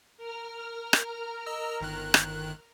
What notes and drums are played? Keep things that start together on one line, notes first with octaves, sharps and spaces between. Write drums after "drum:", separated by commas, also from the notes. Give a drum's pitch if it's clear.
A#4 A#5 F6
drum: rim click
D#5 E6
G1 D#3 F#6
drum: rim click